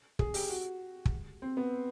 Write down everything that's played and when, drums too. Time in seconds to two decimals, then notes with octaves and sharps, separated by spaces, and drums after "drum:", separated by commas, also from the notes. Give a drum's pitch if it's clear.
0.19 G#4, drum: kick
0.34 G4, drum: open hi-hat
0.50 F#4
1.05 drum: kick
1.42 C4
1.57 B3